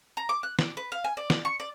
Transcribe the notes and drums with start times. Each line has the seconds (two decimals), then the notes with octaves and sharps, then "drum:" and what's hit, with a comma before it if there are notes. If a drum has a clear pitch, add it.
0.17 A#5
0.29 D6
0.43 F#6
0.59 D5, drum: snare
0.77 B4
0.92 F5
1.04 G#5
1.17 D5
1.30 D5, drum: snare
1.45 C#6
1.60 D5